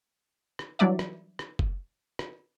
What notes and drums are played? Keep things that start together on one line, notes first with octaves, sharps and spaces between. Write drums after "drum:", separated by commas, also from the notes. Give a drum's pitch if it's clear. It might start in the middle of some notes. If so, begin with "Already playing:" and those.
drum: rim click
E3 F#3 G3 D4 D5 E5
drum: rim click
drum: rim click
drum: kick F#1
drum: rim click